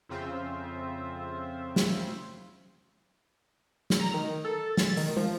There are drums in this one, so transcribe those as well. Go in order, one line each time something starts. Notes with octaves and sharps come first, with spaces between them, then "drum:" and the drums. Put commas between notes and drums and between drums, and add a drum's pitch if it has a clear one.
F2 C#3 C4 F4 C5 E5
drum: snare
drum: snare
A#5
D#3
A4
A6, drum: snare
D#3, drum: open hi-hat
F3, drum: tom